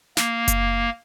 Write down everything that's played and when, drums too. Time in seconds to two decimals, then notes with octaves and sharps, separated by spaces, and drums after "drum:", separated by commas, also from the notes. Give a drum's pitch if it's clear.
0.17 A#3, drum: snare
0.48 drum: kick F#1, hi-hat